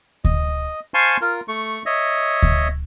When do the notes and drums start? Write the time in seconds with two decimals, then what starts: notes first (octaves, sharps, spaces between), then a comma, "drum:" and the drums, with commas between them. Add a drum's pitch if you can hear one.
0.25 D#5, drum: kick D2
0.94 C5 F5 G#5 A5 C6 C#6
1.21 F4 A#4
1.48 A3 C#6
1.86 C#5 D#5 E5
2.43 drum: kick D2